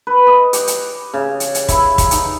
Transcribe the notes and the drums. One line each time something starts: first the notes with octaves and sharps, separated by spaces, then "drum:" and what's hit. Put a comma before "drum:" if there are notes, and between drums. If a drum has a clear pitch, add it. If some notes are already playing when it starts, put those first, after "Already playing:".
B4
D#5
G4, drum: hi-hat
drum: hi-hat
C#3
drum: hi-hat
drum: hi-hat
E4, drum: kick, hi-hat
drum: kick, hi-hat
D#4, drum: hi-hat